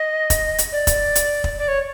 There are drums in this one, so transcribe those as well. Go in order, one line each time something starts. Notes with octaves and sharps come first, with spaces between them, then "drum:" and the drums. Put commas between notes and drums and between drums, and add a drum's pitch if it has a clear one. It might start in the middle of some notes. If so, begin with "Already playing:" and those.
Already playing: D#5
drum: kick, hi-hat
drum: hi-hat
D5
drum: kick, hi-hat
drum: hi-hat
drum: kick
D5
C#5